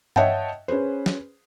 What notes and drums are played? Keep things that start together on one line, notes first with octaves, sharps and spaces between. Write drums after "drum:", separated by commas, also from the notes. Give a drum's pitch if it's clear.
C#5 D#5 E5 F#5 G5 A5, drum: tom G2
C#4 G#4 B4 C5
drum: snare